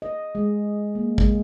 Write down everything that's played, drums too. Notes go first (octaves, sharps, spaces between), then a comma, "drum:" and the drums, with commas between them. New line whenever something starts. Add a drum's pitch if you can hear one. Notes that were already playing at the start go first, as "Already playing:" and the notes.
D#5
G#3
A#3
G#3, drum: kick